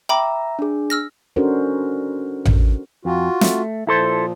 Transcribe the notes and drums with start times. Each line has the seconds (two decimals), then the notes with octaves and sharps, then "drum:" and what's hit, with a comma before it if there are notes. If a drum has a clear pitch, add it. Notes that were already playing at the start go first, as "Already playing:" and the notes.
0.09 E5 G5 A#5 B5 D6
0.59 D4 G#4
0.90 E6 F6 A#6
1.36 C#4 D4 F#4 A4 A#4 C5
2.45 drum: tom A1
3.05 F2 F4 F#4
3.41 A3, drum: snare
3.87 A#2 F3 E4 A4 C5